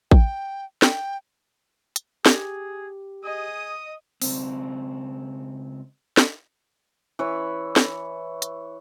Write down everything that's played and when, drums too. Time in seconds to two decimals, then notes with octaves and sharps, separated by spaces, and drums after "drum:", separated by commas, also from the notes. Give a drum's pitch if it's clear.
0.11 G5, drum: kick
0.82 G5, drum: snare
1.96 drum: hi-hat
2.26 G4 G#4, drum: snare
3.24 G#4 D#5 D#6
4.22 C#2 C4, drum: open hi-hat
6.17 drum: snare
7.19 E3 B4 C#5
7.76 drum: snare
8.42 drum: hi-hat